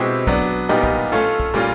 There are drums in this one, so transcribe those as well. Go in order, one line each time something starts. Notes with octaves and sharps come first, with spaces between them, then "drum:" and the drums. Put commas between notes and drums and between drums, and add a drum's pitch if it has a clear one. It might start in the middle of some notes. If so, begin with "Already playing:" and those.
Already playing: B2 G#3 C4 E4 G4
F#3 B3 D4, drum: kick
A#2 G3 B3 D#4 G4
drum: kick
A3 C#4 F4 A4
drum: kick
A#2 G3 A#3 C#4 F4